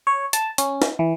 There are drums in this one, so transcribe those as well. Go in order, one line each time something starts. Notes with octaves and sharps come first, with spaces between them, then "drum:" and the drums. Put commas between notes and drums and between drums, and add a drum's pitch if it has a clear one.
C#5
A5, drum: hi-hat
C#4, drum: hi-hat
drum: snare
E3